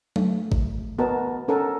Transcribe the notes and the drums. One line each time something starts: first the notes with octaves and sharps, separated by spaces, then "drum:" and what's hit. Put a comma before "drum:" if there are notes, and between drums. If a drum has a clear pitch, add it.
A3, drum: tom F#3
drum: kick G#1
B3 F#4 A#4 D#5 A5
C#4 A4 A#4 F#5 A5